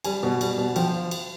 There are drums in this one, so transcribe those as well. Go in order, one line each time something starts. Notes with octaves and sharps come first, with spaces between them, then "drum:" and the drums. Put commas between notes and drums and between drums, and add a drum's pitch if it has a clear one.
G3 G#5, drum: cymbal
B2
G3, drum: cymbal
B2
F3 G5, drum: cymbal
drum: cymbal